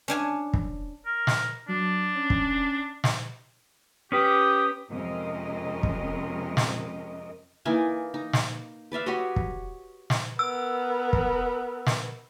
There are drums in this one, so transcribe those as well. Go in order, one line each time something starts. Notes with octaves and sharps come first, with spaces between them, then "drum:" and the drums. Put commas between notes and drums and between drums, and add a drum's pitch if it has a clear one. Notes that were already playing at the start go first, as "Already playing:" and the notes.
C#4 D4 G#5
drum: kick
A#4
drum: snare
F#3 D4
C#4
drum: kick
drum: snare
C#4 G4 B4 D#6
F2 C3 G#3 C#4 A#4 D#5
drum: kick
drum: snare
E3 A#3 D#4 G#5
D#4
drum: snare
B4 D5 E5 F5
F#4 G4 C#5 D#5
drum: kick
drum: snare
B3 A#4 E6
drum: kick
drum: snare